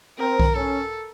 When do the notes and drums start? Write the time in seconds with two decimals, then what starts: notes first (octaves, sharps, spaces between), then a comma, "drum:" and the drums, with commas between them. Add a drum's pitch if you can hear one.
0.18 C4 A#4
0.40 drum: kick B1
0.55 C#4 A4